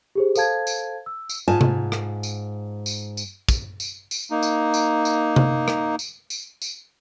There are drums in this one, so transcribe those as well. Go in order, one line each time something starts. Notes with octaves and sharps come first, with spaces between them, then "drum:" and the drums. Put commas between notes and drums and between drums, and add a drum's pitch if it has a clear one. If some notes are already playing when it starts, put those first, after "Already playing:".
G4 G#4 C5
A4 C5 F5 A5 G#6, drum: tambourine
drum: tambourine
E6
drum: tambourine
G#2 F4 G#5 A5
drum: tom C3
drum: rim click
drum: tambourine
drum: tambourine
drum: tambourine
drum: kick, tambourine
drum: tambourine
drum: tambourine
A#3 D#4
drum: tambourine
drum: tambourine
drum: tambourine
drum: tom C3
drum: rim click
drum: tambourine
drum: tambourine
drum: tambourine